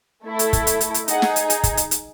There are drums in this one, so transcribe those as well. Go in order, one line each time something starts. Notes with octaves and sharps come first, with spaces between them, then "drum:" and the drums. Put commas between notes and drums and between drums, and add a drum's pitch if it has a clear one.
A3 E4 A4
drum: hi-hat
drum: kick, hi-hat
drum: hi-hat
drum: hi-hat
drum: hi-hat
D#4 G#4 D#5 F#5, drum: hi-hat
drum: snare
drum: hi-hat
drum: hi-hat
drum: kick, hi-hat
drum: hi-hat
drum: hi-hat